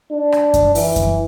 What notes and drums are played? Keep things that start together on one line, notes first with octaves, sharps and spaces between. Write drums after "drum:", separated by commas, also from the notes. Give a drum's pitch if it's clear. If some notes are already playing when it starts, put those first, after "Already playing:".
D4
drum: rim click
drum: kick F#2, hi-hat
E3, drum: open hi-hat
drum: kick F#2, hi-hat